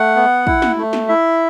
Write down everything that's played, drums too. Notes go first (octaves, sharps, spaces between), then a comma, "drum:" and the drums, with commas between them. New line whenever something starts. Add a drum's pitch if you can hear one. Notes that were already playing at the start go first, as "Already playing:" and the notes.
Already playing: A3 F#5
B3
E4, drum: kick
drum: snare
A3
drum: snare
E4 E5